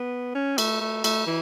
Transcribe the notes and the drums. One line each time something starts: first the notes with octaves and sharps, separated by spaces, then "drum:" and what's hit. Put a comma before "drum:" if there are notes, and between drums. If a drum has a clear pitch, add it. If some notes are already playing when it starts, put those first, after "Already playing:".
Already playing: B3
C#4
A3, drum: cymbal
A3
A3, drum: cymbal
E3